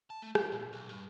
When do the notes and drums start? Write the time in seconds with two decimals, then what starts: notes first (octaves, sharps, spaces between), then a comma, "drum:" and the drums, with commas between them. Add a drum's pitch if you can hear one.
0.10 A5
0.22 A3
0.35 G4, drum: rim click
0.52 A#2
0.73 B1
0.91 G2